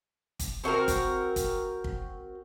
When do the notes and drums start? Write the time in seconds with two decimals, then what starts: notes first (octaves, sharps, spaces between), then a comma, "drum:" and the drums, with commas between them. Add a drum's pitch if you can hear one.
0.39 drum: kick, hi-hat
0.64 C4 F#4 A4 A#4
0.88 drum: kick, hi-hat
1.36 drum: kick, hi-hat
1.84 drum: kick